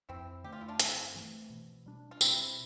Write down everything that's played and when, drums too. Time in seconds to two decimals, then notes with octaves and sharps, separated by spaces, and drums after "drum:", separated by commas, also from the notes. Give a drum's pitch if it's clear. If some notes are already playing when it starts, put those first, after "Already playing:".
0.09 F2 C4 E4
0.44 D3 A3 G4
0.52 F4
0.61 E4
0.68 D4 F4
0.80 G2 C4 E4, drum: hi-hat
1.15 E3 A3
1.50 B2
1.86 G3 D4
2.11 F4
2.21 B2 C4 E4, drum: tambourine